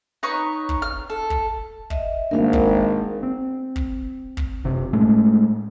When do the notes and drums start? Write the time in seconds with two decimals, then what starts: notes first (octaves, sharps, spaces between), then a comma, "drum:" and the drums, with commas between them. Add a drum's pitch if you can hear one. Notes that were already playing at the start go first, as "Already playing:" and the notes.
0.23 D#4 B4 C#5 C#6
0.69 drum: kick
0.82 F6
1.10 A4
1.30 drum: kick
1.90 D#5 E5, drum: kick
2.31 G#1 G#3 A#3 D4 A#4 F5
2.53 drum: kick
3.23 C4
3.76 drum: kick
4.37 drum: kick
4.64 F#1 C3
4.93 A2 G#3 A3 C#4